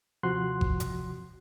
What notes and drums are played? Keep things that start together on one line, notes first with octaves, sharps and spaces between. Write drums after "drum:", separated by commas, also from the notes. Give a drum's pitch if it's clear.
D#2 C3 F3 F#4 C6 F#6
drum: kick G1
drum: hi-hat